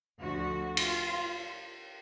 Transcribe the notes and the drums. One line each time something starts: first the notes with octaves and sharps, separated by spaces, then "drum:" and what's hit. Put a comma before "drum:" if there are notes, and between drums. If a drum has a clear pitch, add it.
D2 D3 F3 F#4
F4, drum: cymbal